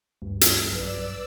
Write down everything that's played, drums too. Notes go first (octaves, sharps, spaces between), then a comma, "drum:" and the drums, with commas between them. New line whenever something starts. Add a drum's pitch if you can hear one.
D2 G2
drum: hi-hat
B1 B4 D5 E6